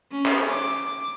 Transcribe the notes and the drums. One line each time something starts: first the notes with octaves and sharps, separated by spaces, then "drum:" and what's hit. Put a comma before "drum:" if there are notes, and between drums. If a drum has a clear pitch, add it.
C#4
drum: clap
D6